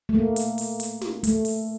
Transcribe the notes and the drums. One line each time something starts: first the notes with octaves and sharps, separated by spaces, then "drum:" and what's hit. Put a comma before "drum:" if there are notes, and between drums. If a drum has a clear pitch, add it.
A3
A#3
drum: hi-hat
drum: open hi-hat
drum: hi-hat
drum: snare
A3, drum: hi-hat
drum: open hi-hat